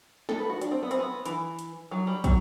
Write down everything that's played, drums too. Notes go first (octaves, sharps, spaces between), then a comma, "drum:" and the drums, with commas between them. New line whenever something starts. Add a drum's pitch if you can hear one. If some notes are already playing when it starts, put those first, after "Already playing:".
A4, drum: snare
B4
F#4
D4, drum: hi-hat
C4
B3
C4, drum: hi-hat
B3
E3, drum: hi-hat
drum: hi-hat
F#3
G3
F#3, drum: kick, hi-hat